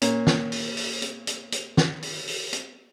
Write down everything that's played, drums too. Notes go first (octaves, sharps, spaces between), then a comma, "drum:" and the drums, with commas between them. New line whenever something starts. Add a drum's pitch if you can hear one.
A#2 A#3 C#4, drum: hi-hat
drum: snare
drum: open hi-hat
drum: open hi-hat
drum: hi-hat
drum: hi-hat
drum: hi-hat
drum: snare
drum: open hi-hat
drum: open hi-hat
drum: hi-hat